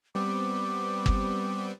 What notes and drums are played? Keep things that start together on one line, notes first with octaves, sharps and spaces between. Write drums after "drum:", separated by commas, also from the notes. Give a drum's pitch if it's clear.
G3 B3 C4 D6
drum: kick